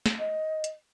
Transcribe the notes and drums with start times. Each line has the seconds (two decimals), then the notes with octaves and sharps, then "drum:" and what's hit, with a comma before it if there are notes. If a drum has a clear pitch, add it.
0.06 drum: snare
0.19 D#5
0.64 drum: hi-hat